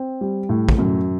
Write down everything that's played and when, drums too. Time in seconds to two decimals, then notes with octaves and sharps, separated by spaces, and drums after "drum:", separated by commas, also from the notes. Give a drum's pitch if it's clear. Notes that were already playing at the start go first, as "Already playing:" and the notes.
Already playing: C4
0.21 G3
0.49 A2
0.69 drum: kick
0.78 F#2